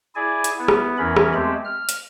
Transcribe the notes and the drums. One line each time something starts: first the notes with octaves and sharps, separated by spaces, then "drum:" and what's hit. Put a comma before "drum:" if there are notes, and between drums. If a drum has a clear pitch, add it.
E4 G#4 D5 G#5
drum: hi-hat
B3 E4
drum: rim click
E2 E3 C#4 A#4 B5
drum: rim click
G#3 A3 C4 G4
F6
drum: hi-hat